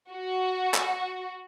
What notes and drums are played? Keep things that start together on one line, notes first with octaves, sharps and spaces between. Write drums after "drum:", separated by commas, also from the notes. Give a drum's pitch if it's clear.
F#4
drum: clap